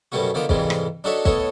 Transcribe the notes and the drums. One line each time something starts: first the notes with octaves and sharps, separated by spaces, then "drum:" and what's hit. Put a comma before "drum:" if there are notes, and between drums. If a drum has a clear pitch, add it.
F#2 B2 G3 A3 B3 F#4
D3 D#3 F3 B3 D6
F2 G#2 C3 D#3 E3 G3, drum: kick
drum: rim click
D4 D#4 F#4 A4 C#5 E5
A2 B3 A4 C#5 D#5 A5, drum: kick